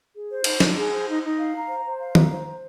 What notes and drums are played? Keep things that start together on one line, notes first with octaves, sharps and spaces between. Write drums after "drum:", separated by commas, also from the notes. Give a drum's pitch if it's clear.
G#4
C5
D#4, drum: cymbal
D#4, drum: snare
G#4
C5
D#4
D#4
F5
A#5
C5
C5
F5
A#5, drum: tom D#3
C5
C5